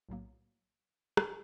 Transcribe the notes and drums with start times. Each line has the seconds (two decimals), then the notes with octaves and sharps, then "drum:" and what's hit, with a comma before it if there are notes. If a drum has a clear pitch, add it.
0.09 B1 A2 F#3 A#3
1.17 drum: rim click